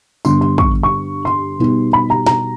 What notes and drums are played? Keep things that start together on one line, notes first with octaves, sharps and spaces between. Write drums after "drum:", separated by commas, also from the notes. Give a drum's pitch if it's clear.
G2 D3 G3 B3 D4 C6, drum: tambourine
C6
C#6, drum: kick
C#6
C6
B2 G3 B3 D#4
B5
A#5
A#5, drum: snare